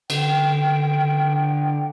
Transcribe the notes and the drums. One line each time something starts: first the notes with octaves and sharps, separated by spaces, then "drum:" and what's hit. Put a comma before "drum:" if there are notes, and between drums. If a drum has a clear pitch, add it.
D3 G5, drum: cymbal